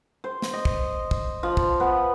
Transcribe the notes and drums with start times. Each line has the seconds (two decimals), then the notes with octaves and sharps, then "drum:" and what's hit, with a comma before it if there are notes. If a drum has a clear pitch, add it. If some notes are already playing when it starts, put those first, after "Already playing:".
0.24 C5
0.42 drum: snare
0.53 D#5
0.65 drum: kick
1.11 drum: kick
1.43 F3
1.57 drum: kick
1.80 B3